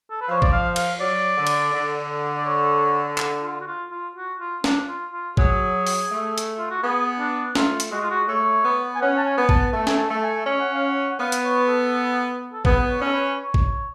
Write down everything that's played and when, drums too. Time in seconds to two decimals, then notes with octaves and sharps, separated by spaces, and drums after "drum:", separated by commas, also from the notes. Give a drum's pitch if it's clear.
0.11 A4
0.21 B4
0.28 F3 C#5
0.42 D5, drum: kick G#1
0.53 F5
0.76 F5, drum: cymbal
1.01 F#3 D5
1.37 D3
1.47 drum: cymbal
1.73 D3
2.36 D5
2.46 C#5
3.18 drum: clap
3.43 F4
3.61 F#4
3.67 F4
3.91 F4
4.16 F#4
4.40 F4
4.64 D4, drum: snare
4.88 F4
5.13 F4
5.37 F#3 G#4, drum: kick G#1
5.87 drum: open hi-hat
6.10 A3
6.38 drum: hi-hat
6.59 F4
6.70 F#4
6.83 B3 G#4
7.19 D4
7.55 A3 F4, drum: snare
7.80 drum: hi-hat
7.92 G#3 F#4
8.01 F4
8.11 F#4
8.28 A3 C#5
8.65 B3
8.95 G#5
9.01 C#4 F#5
9.17 A5
9.25 G#5
9.37 B3
9.49 A5, drum: kick G#1
9.73 A3 A5
9.87 G#5, drum: snare
9.97 A5
10.10 A3 A5
10.23 G#5
10.46 C#4 G#5
10.60 F#5
10.74 F5
10.87 F#5
11.10 F#5
11.19 B3 F5
11.32 drum: hi-hat
11.44 C#5
11.68 A4
12.53 A4
12.65 B3 G#4, drum: kick G#1
12.89 C#5
13.01 C#4 A4
13.13 B4
13.37 C#5
13.54 drum: kick G#1